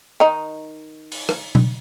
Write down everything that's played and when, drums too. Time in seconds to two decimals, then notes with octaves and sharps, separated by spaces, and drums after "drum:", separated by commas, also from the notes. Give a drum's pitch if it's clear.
0.20 D#3 D#4
1.12 drum: open hi-hat
1.29 drum: rim click
1.55 drum: tom B2